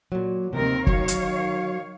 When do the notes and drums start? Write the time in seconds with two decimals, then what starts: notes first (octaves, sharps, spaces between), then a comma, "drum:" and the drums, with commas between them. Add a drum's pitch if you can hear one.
0.12 A#2 F#3
0.53 D#2 C3 C4 A#4 D#5
0.87 D#3 F#3 C#5 F5, drum: kick
1.08 drum: hi-hat